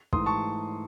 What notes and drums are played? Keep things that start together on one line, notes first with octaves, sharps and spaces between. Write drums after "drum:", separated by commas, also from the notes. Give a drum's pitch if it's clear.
G#2 E3 A3 C6 D#6, drum: kick
A5 C#6